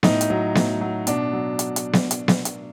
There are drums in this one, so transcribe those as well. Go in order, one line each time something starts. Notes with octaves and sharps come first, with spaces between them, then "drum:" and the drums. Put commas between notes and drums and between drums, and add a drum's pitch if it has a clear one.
A2 D#4, drum: snare B3
drum: hi-hat
F#3
A2, drum: snare B3
F#3
B2 D4, drum: hi-hat
F#3
drum: hi-hat
drum: hi-hat
drum: snare B3
drum: hi-hat
drum: snare B3
drum: hi-hat